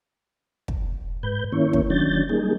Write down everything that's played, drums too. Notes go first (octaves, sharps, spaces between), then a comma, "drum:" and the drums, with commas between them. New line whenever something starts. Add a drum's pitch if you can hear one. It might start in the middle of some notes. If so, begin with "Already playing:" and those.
drum: kick
G#2 B4 G6
D#3 A#3 C#4 E4 C#5
drum: kick
D#3 F#3 C#4 D4 G6 A6
G3 A#3 D#4 G#4